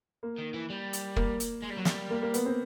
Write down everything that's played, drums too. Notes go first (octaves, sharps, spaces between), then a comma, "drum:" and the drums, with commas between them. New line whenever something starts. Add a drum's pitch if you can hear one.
A#3
D#3
E3
G3
drum: hi-hat
A#3, drum: kick
drum: hi-hat
G#3
G3
F#3
G3, drum: snare
A#3
A#3
B3, drum: hi-hat
C4